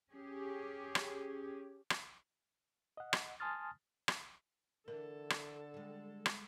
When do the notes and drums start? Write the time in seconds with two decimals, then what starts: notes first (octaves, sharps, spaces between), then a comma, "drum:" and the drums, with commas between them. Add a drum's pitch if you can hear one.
0.10 C#4 G4 G#4
0.95 drum: rim click
1.90 drum: rim click
2.97 D#5 F#5
3.13 drum: rim click
3.40 G#5 A5 C6 D#6 F6 A6
4.08 drum: rim click
4.88 D3 E3 D4 A4 A#4
5.30 drum: rim click
5.74 G3 G#3
6.26 drum: rim click